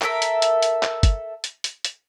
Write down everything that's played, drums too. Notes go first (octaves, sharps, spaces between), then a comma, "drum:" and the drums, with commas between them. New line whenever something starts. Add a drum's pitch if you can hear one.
A4 A#4 E5, drum: clap
drum: hi-hat
drum: hi-hat
drum: hi-hat
drum: clap
drum: kick G1, hi-hat
drum: hi-hat
drum: hi-hat
drum: hi-hat